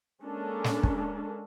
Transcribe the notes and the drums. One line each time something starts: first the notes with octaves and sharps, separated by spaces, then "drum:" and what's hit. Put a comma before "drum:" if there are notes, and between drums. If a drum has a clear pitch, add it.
G#3 A#3 C#4 D4 A4 A#4
drum: snare
drum: kick